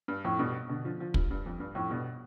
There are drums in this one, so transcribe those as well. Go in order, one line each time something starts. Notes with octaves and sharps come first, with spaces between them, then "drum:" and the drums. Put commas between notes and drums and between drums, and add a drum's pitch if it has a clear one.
G2
F2 A2
G2 B2
B2 D3
D3 F3
D3 F3
G2, drum: kick
G2
F2
G2
F2 A2
G2 B2